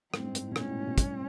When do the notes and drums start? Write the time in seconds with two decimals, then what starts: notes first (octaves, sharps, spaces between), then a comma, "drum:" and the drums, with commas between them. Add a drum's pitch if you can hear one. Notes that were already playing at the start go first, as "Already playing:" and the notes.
0.14 A2 C4, drum: rim click
0.19 G2
0.24 G#2
0.35 G#2, drum: hi-hat
0.45 A2
0.51 B2
0.56 A#2 C#4, drum: rim click
0.62 G#2
0.66 A2
0.77 A2
0.87 B2
0.98 G2, drum: kick, hi-hat
1.08 A2